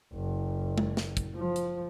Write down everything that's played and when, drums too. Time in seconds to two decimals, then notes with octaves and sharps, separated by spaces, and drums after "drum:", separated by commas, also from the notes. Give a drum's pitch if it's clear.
0.14 F#1
0.78 drum: tom G#3
0.97 drum: snare
1.17 drum: kick, hi-hat
1.36 F3
1.56 drum: hi-hat